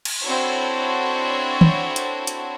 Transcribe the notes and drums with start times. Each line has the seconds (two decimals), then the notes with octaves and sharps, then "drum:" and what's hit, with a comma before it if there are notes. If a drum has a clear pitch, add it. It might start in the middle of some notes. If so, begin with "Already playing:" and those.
0.05 drum: cymbal
0.23 C4 D4 E4 F#4 A4 C#5
1.61 drum: tom
1.96 drum: hi-hat
2.27 drum: hi-hat